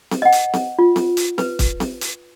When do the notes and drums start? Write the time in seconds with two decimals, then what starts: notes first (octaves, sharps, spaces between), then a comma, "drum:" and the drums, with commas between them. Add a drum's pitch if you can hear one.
0.11 drum: snare C4
0.22 D#5 F#5
0.32 drum: hi-hat
0.54 drum: snare C4
0.79 F4
0.96 drum: snare C4
1.17 drum: hi-hat
1.38 B4, drum: snare C4
1.59 drum: kick, hi-hat
1.80 drum: snare C4
2.01 drum: hi-hat